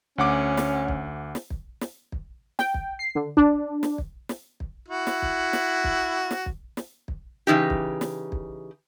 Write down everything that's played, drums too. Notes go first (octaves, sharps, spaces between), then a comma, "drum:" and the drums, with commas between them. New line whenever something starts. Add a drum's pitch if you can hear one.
D2 C#4 F#5 D6
drum: snare
drum: kick
drum: snare
drum: kick
drum: snare
drum: kick
G5, drum: snare
drum: kick
C7
D3
D4, drum: kick
drum: snare
drum: kick
drum: snare
drum: kick
E4 F#4
drum: snare
drum: kick
drum: snare
drum: kick
drum: snare
drum: kick
drum: snare
drum: kick
C#3 E3 D#4 G4
drum: kick
drum: snare
drum: kick